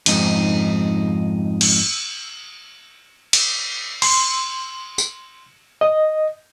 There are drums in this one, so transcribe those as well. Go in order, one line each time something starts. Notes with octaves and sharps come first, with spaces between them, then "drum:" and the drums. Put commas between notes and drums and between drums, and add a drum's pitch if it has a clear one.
F2 G#2 D#4, drum: cymbal
drum: cymbal
drum: cymbal
C6, drum: cymbal
drum: tambourine
D#5